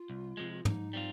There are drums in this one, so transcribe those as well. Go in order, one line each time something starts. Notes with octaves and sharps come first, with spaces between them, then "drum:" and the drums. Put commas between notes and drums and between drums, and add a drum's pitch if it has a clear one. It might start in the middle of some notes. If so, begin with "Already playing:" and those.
Already playing: F4
C2
C3 F3 G#3
G#2 D#4, drum: tom
G3 C4 F4